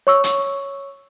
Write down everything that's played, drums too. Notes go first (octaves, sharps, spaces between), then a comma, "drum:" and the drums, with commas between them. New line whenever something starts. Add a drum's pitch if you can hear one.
C#5 C#6 E6
drum: hi-hat